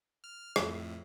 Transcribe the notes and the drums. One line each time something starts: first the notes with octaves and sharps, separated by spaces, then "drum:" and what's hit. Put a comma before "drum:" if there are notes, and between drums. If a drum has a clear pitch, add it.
F6
F2 A2, drum: rim click